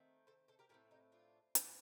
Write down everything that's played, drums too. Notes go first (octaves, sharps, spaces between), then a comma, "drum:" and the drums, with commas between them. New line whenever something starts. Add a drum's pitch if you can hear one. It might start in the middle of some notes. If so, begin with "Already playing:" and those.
Already playing: D#3 A3 C4
A4 C5
A4 C5
G4 A#4
A2 A3 C4 G4 A#4
D#4 G4
D4 F4
C3 G3 A#3, drum: hi-hat